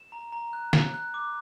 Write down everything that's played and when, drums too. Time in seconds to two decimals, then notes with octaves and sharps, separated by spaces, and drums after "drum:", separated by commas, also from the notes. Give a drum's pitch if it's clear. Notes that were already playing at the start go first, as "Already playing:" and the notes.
Already playing: E7
0.12 A#5
0.32 A#5
0.53 F#6
0.73 F#6, drum: snare
0.94 F#6
1.14 D6